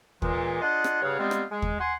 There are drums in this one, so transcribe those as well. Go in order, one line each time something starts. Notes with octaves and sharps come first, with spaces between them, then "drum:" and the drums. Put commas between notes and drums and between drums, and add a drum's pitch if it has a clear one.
A#2 E3 G#3, drum: kick
D4 F4 G#4 D#5 F#5
drum: rim click
G2 C#3 G#4 C#5 F5 F#5
G3 G#3 B3 C4 D#4 F4
drum: rim click
G#3
drum: kick
F#5 G#5 C6